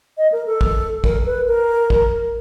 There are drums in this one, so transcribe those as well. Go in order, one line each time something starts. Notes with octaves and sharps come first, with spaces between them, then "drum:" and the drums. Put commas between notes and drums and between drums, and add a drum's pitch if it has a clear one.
D#5
A#4
A4
drum: kick
A#4, drum: kick
B4
A#4
drum: kick